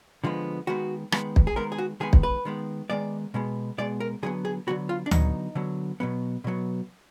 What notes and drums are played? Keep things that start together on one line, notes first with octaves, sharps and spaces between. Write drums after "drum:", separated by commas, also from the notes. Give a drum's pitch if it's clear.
D3 F3 G#3 B3
D#3 G#3 B3 F#4
D#3 G#3 B3, drum: rim click
drum: kick
G#4
D#3 G#3 B3 A#4
G#4
F#4
D#3 G#3 B3 G#4
drum: kick
B4
D#3 G#3 B3
D#3 G#3 B3 D5
B2 G#3 B3
B2 G#3 B3 D5
A#4
D3 F#3 B3 G#4
G#4
D3 F#3 B3 F#4
F4
D4
D3 F#3 B3 D#4, drum: tom D2
D3 F#3 B3
B2 F#3 B3
B2 F#3 B3